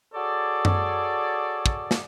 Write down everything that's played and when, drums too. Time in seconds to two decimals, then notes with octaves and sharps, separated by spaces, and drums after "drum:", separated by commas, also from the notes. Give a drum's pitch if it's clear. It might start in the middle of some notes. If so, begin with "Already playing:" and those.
0.14 F#4 G#4 A4 C#5 D5
0.65 drum: tom F#2
1.66 drum: kick
1.91 drum: snare